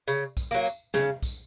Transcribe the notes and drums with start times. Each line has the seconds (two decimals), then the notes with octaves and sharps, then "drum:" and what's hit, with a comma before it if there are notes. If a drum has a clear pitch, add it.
0.08 C#3, drum: tambourine
0.37 drum: kick, tambourine
0.51 F#3 A#3
0.65 drum: tambourine
0.94 C#3, drum: snare
1.23 drum: kick, tambourine